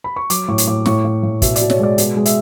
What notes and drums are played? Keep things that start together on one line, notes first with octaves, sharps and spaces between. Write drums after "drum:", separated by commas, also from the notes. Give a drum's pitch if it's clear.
B5
C#6
F#3 D6, drum: hi-hat
A2 C#6
drum: hi-hat
A2 D6
A2 C#6, drum: snare
A2
A2
B2 E5, drum: kick, hi-hat
B2 D5, drum: hi-hat
C#5, drum: snare
G#3 D5
B2, drum: hi-hat
G#3
E5, drum: hi-hat